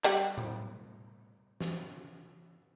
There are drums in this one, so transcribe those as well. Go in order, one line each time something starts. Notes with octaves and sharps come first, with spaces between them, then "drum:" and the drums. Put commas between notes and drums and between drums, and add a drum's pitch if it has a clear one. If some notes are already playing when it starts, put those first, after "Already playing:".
G3 F#5, drum: clap
drum: tom A2
drum: snare